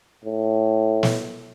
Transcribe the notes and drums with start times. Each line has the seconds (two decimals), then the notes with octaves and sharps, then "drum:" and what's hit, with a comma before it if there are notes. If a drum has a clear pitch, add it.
0.25 A2
1.03 drum: snare